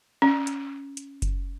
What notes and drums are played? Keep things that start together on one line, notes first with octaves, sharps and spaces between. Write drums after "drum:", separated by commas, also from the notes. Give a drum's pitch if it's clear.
C#4
drum: hi-hat
drum: hi-hat
drum: kick F#1, hi-hat